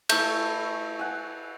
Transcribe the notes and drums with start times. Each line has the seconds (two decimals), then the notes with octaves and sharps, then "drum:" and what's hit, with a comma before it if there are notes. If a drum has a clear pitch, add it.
0.09 A3 E4 G6, drum: cymbal
0.99 F#5 G#5